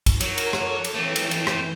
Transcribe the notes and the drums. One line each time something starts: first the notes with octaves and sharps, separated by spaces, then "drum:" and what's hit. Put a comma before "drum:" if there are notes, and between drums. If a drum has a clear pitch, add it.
drum: kick, cymbal
F#3 A#4, drum: cymbal
drum: cymbal
A4 C#5 D6, drum: rim click
drum: cymbal
E3 A3 C4 G6
drum: cymbal
drum: cymbal
drum: rim click